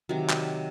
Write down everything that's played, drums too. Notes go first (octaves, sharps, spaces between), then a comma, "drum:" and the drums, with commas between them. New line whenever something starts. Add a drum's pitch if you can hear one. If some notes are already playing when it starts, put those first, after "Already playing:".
C3 D#3 F#3
drum: clap